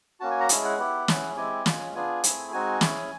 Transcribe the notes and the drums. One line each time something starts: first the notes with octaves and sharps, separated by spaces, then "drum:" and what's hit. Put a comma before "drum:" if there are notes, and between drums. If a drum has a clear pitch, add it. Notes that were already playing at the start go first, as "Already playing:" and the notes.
A#3 C#4 F#4 A5
G#5
A#5
G#3 C#4 E4 G#4 A5, drum: hi-hat
F#5
B3 E4 G4
C#4 E4 G#4, drum: snare
G#3 C4 E4 G4 G#5
G#3 C#4 F4 G#4, drum: snare
B3 D4 F4 G#4 G#5
A3 C4 E4 G#4, drum: hi-hat
G#3 C4 D#4 F#4 G#5
C#4 E4 G#4, drum: snare